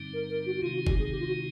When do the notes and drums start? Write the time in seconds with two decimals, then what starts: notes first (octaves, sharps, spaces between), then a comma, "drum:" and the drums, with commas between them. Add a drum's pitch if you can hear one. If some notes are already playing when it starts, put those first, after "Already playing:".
Already playing: G2 D3 G3 C4 D#4
0.13 A#4
0.29 A#4
0.45 F#4
0.56 F#4
0.61 C3 D#3 G#3 C4 D#4 F4
0.74 F#4
0.87 G4, drum: kick
0.98 G#4
1.11 G4
1.19 F4
1.26 F#4